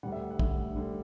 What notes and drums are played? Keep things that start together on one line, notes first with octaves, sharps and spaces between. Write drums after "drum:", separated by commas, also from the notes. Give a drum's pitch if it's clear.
D2 D3 G3 F#5
E5
F#5
D2 D3 G3 E5, drum: kick
D3 G3